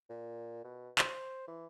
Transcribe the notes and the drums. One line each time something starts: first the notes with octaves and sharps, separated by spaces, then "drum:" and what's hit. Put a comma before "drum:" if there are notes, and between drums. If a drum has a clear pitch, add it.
A#2
B2
C5, drum: clap
E3